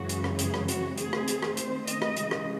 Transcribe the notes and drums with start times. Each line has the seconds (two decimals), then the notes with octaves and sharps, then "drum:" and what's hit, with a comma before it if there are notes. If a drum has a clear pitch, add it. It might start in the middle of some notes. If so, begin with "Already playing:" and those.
Already playing: F#2 C#3 E3 G#3 C#4 F#4
0.09 drum: hi-hat
0.24 drum: rim click
0.39 G#4, drum: hi-hat
0.54 drum: rim click
0.68 F#4, drum: hi-hat
0.98 D#3 A3 C4 G#4, drum: hi-hat
1.13 drum: rim click
1.28 drum: hi-hat
1.43 drum: rim click
1.57 C5, drum: hi-hat
1.87 D#5, drum: hi-hat
2.02 drum: rim click
2.17 C#3 E3 G#3, drum: hi-hat
2.31 drum: rim click